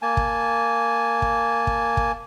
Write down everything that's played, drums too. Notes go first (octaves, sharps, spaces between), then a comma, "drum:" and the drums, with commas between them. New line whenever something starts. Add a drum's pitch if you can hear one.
A#3 G#5 A5
drum: kick
drum: kick
drum: kick
drum: kick